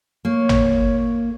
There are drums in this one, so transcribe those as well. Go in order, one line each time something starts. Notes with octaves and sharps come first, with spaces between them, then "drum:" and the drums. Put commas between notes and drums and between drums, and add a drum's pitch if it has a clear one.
A#3 C#5
drum: tom